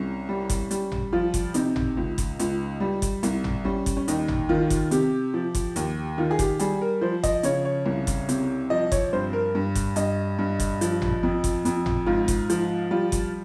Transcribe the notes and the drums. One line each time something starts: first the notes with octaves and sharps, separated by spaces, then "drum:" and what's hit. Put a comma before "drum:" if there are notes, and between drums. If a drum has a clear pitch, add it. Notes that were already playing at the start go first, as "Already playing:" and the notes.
Already playing: C2 C#4
G3
drum: kick F#1, hi-hat
G3, drum: hi-hat
drum: tom G#1
F3 F4
drum: kick F#1, hi-hat
C3 D#4, drum: hi-hat
drum: tom G#1
C#2
drum: kick F#1, hi-hat
C#2, drum: hi-hat
G3
drum: kick F#1, hi-hat
C2, drum: hi-hat
drum: tom G#1
G3 C#4
drum: kick F#1, hi-hat
C#4
D#2 D#4, drum: hi-hat
drum: tom G#1
D#3 F4
drum: kick F#1, hi-hat
C3 G4, drum: hi-hat
F3
drum: kick F#1, hi-hat
D#2, drum: hi-hat
D#3 F4
G#4
G4, drum: kick F#1, hi-hat
G3 G#4, drum: hi-hat
A#4
F3 C5
D#5, drum: kick F#1, hi-hat
C#3 C#5, drum: hi-hat
C#5
C2
drum: kick F#1, hi-hat
C3, drum: hi-hat
F3 D#5
C#5, drum: kick F#1, hi-hat
G2 C5
A#4
G2
drum: kick F#1, hi-hat
G2 D#5, drum: hi-hat
G2
drum: kick F#1, hi-hat
F3, drum: hi-hat
drum: tom G#1
F2
drum: kick F#1, hi-hat
F2, drum: hi-hat
drum: tom G#1
G#2 F4
drum: kick F#1, hi-hat
F3, drum: hi-hat
G3 F4
drum: kick F#1, hi-hat